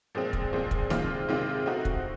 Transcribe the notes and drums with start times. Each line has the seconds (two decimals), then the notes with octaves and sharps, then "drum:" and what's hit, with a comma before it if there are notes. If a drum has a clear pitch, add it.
0.15 A#2 F3 G#3 C4
0.33 drum: kick
0.53 A#2 F3 G#3 C4
0.71 drum: kick
0.90 C3 D#3 G#3 C4 F4, drum: snare
1.29 C3 D#3 G#3 C4 F4
1.66 A3 C4 D#4 F#4
1.85 drum: kick